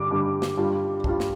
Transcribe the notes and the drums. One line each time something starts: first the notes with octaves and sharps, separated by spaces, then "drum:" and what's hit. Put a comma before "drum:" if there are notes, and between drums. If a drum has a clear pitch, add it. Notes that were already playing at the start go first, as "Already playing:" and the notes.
Already playing: G2 D3 G3 D6
G2 D3 G3
drum: snare
G2 G3 F4
G2 G3 F4, drum: kick
drum: snare